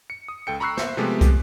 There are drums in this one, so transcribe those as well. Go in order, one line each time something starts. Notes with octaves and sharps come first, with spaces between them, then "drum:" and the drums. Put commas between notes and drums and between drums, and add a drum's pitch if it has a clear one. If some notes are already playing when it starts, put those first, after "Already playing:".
C#7
D#6
C#2 A4 G5 C#7
A#5 B5 C#6 E6 F#6 C7
C5 E5, drum: snare
C3 F3 G#3 A3 B3 G4
drum: kick, hi-hat